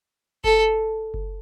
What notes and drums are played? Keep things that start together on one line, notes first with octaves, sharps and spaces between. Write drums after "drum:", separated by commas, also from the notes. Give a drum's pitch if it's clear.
A4, drum: kick F#1
drum: kick F#1